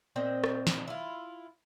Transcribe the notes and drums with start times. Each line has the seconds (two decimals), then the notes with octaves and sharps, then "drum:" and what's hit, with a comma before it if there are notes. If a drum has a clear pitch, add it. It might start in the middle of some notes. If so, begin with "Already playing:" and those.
0.16 A#2 C4 D#5
0.44 drum: rim click
0.67 drum: snare
0.88 E4 F4